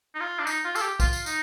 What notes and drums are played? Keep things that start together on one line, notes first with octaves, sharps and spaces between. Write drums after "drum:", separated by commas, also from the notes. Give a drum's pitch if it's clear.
D#4
F4
D4
D#4, drum: tambourine
F4
A4, drum: tambourine
G4
F4, drum: kick B1, tambourine
drum: tambourine
D#4, drum: tambourine